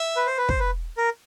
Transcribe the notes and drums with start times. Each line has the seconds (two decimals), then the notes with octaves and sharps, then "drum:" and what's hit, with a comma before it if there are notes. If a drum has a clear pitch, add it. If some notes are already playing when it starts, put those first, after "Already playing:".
Already playing: E5
0.16 B4
0.27 C5
0.38 B4
0.49 C5, drum: kick
0.59 B4
0.97 A#4